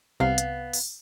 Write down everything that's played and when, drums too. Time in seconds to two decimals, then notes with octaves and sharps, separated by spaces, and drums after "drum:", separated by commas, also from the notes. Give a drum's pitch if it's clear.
0.20 C2 C3 B3 F5
0.38 drum: hi-hat
0.73 drum: open hi-hat